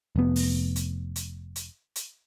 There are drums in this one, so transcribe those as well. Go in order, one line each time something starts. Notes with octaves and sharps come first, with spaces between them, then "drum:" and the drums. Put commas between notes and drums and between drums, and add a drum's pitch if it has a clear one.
F1 B3
drum: open hi-hat
drum: hi-hat
drum: hi-hat
drum: hi-hat
drum: hi-hat